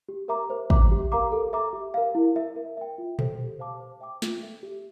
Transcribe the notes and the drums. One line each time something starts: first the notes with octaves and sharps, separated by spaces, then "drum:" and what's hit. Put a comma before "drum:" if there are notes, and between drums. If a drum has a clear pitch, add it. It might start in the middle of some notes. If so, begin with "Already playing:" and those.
G4
A#4 E5 A#5 D6
C5
E5 A#5 D6, drum: kick
G4
A#4 F5 A#5 D6
A4
E5 A#5 D6
G4
A#4 F5
E4
A#4 E5
A#4
E5 G5
F4
A4 C5, drum: tom A#2
G4
C5 F5 A5 D6
C5
E5 G5 D6
F4, drum: snare
A4 E5
G4